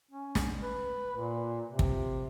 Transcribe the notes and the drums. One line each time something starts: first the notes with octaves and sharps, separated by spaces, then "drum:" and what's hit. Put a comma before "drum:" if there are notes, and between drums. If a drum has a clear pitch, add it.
C#4
drum: snare
B4
A#2
C3
drum: kick